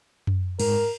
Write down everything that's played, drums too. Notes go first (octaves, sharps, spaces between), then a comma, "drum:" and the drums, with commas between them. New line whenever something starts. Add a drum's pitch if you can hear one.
drum: tom F#2
G#2 A#4, drum: cymbal